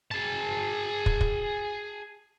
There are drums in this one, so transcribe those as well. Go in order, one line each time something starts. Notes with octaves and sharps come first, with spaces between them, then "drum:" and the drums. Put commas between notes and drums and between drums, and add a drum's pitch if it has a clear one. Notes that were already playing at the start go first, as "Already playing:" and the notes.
G#4 A5
drum: kick
drum: kick